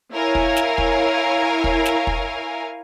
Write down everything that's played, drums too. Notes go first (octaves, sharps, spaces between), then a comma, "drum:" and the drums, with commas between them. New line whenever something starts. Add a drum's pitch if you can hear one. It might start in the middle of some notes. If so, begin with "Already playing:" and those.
E4 A#4 C#5 F5 G#5
drum: kick
drum: snare
drum: kick
drum: kick
drum: snare
drum: kick